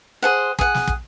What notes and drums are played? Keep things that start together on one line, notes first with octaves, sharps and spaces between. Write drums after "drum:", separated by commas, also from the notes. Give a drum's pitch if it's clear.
G#4 C5 F#5
G#4 F#5, drum: kick
drum: snare
drum: kick